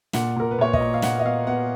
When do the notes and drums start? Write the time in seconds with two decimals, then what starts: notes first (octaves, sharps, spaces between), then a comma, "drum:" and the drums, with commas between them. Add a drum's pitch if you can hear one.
0.13 A#2 F#5, drum: snare
0.36 A#2 A#4
0.51 B4
0.58 A#2 C#5
0.73 D#5, drum: kick
0.81 A#2
0.94 F5
1.02 A#2 F#5, drum: snare
1.19 D#5
1.25 B3 F5
1.47 B3 F#5